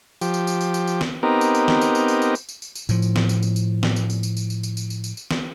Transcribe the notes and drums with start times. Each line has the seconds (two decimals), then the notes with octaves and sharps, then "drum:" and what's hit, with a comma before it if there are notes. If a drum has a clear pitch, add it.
0.21 F3 G4, drum: tambourine
0.34 drum: tambourine
0.47 drum: tambourine
0.61 drum: tambourine
0.74 drum: tambourine
0.87 drum: tambourine
1.01 drum: snare
1.23 B3 C4 D#4 G4 A#4
1.41 drum: tambourine
1.55 drum: tambourine
1.68 drum: snare
1.81 drum: tambourine
1.95 drum: tambourine
2.08 drum: tambourine
2.22 drum: tambourine
2.35 drum: tambourine
2.49 drum: tambourine
2.62 drum: tambourine
2.75 drum: tambourine
2.89 A2 F3, drum: tambourine
3.02 drum: tambourine
3.16 drum: snare
3.29 drum: tambourine
3.43 drum: tambourine
3.56 drum: tambourine
3.83 drum: snare
3.96 drum: tambourine
4.10 drum: tambourine
4.23 drum: tambourine
4.37 drum: tambourine
4.50 drum: tambourine
4.63 drum: tambourine
4.77 drum: tambourine
4.90 drum: tambourine
5.04 drum: tambourine
5.17 drum: tambourine
5.31 drum: snare